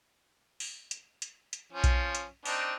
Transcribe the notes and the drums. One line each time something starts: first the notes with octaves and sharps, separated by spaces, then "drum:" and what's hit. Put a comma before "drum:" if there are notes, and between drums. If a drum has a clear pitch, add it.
drum: open hi-hat
drum: hi-hat
drum: hi-hat
drum: hi-hat
F3 C#4
drum: kick A#1, hi-hat
drum: hi-hat
C4 D4 D#4, drum: open hi-hat